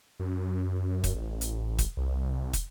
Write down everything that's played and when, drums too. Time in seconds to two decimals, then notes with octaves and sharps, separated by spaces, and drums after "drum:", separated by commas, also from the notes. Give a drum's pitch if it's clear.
0.20 F#2
1.04 drum: kick, hi-hat
1.15 A1
1.41 drum: hi-hat
1.78 drum: kick, hi-hat
1.97 C2
2.53 drum: kick, hi-hat